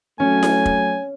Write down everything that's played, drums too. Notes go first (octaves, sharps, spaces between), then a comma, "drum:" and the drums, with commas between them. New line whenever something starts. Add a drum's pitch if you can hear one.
F#3 A3 C#4 G#5
drum: snare E4
drum: kick